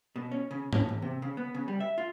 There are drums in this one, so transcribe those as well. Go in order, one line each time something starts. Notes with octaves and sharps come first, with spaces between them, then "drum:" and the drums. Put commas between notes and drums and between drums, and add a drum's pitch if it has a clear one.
B2
C#4
C#3
C#4, drum: tom
E2
C3
C#3
B3
C#3
G3
E5
F4